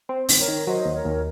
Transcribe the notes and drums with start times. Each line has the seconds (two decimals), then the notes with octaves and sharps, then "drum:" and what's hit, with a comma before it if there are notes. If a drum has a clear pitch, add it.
0.09 C4 C5
0.29 D#3, drum: open hi-hat
0.38 A#4 C#5
0.48 D#3
0.67 F#3 C5 D#5
0.86 D#2
0.95 A#4 C#5
1.05 D#2